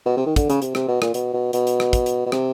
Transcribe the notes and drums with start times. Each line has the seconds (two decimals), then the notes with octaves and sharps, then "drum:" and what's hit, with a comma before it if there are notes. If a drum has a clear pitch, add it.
0.06 B2
0.17 C3
0.26 D#3
0.36 D3, drum: kick, hi-hat
0.50 C#3, drum: hi-hat
0.62 C3, drum: hi-hat
0.75 C3, drum: rim click
0.88 B2
1.02 A#2, drum: rim click
1.14 B2, drum: hi-hat
1.34 B2
1.53 B2, drum: hi-hat
1.67 drum: hi-hat
1.80 drum: rim click
1.93 drum: kick, hi-hat
2.06 drum: hi-hat
2.26 B2
2.32 C3, drum: rim click